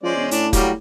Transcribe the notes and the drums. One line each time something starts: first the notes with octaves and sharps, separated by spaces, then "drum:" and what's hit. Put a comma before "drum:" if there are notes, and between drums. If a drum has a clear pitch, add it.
F3 G#3 C#4 C5 D5
E1
A2 D4, drum: hi-hat
F#3 G3 A#3 F#4 G4, drum: kick, hi-hat